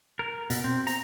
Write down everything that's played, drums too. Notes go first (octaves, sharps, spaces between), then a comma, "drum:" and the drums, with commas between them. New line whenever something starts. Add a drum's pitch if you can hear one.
A#4
B2, drum: hi-hat
C4
A#5, drum: hi-hat